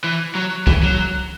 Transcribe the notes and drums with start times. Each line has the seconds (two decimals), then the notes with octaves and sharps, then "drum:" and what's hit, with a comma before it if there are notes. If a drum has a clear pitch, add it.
0.04 E3
0.35 F#3
0.67 E3, drum: kick C2
0.83 F#3